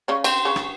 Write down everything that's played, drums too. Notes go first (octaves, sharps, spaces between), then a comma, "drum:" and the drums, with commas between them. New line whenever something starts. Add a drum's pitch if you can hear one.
C#3 C#4
C4, drum: cymbal
C#3 C#4
drum: rim click